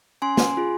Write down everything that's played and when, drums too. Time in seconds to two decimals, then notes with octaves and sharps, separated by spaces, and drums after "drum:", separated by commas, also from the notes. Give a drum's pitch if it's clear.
0.22 C#4 G#5 C6
0.37 drum: snare
0.57 F4 G#4